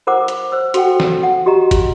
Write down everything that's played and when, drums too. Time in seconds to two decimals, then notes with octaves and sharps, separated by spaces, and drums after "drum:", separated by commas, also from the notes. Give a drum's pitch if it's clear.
0.07 E4 A#4 C5 F#5 D6
0.28 drum: hi-hat
0.52 C5 E6
0.74 F#4 A4 F#5 G5, drum: hi-hat
1.00 drum: snare
1.23 F#5
1.46 F#4 G4 D#5 A#5
1.71 drum: kick, hi-hat